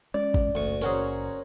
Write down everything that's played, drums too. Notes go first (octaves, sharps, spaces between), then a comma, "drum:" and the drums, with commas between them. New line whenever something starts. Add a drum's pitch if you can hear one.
G#3 C#4 D5
drum: kick
F#1 D2 C#6
C#4 F#4 G#4 A#4 C5 C#5